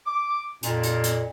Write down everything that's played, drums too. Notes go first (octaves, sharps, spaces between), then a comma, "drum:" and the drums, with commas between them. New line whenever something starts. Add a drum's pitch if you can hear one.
D6
F2 A#2, drum: hi-hat
drum: hi-hat
drum: hi-hat